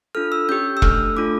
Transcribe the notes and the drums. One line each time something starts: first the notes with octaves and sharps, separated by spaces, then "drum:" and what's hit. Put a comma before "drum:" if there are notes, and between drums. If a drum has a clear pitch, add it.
D4 F4 A4 F6
E6
C#4 G4 G6
E6
A3 D4 A4 F6, drum: kick E1
A3 D4 F4 A4 D6